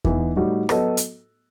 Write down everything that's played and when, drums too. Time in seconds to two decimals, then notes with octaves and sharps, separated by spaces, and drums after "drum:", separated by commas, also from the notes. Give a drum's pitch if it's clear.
0.05 E3 B3 D#4, drum: kick E2
0.36 A2 G3 D#4 F#4
0.69 F#3 B3 F#4 A4 D#5, drum: rim click
0.97 drum: hi-hat